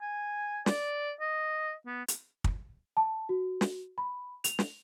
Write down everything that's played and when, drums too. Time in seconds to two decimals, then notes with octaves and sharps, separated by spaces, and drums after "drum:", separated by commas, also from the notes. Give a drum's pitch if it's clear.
0.01 G#5
0.66 D5, drum: snare
1.20 D#5
1.86 B3
2.08 drum: hi-hat
2.44 drum: kick
2.97 A5
3.29 F#4
3.61 drum: snare
3.98 B5
4.44 F7, drum: hi-hat
4.59 drum: snare